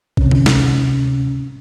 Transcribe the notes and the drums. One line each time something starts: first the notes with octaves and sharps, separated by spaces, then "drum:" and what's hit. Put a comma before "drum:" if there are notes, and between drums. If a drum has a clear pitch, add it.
D2 C3 C#4, drum: kick A#1
drum: tom D3
drum: snare